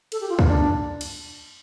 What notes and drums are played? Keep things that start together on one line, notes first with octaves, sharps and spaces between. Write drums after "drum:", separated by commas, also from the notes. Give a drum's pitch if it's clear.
A4, drum: cymbal
G4
F4
A#3, drum: kick
D4
drum: cymbal